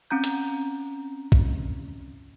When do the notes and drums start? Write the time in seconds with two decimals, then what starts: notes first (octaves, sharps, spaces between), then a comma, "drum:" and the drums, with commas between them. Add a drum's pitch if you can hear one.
0.11 C4 C#4 A#5 G6
0.24 drum: hi-hat
1.32 drum: kick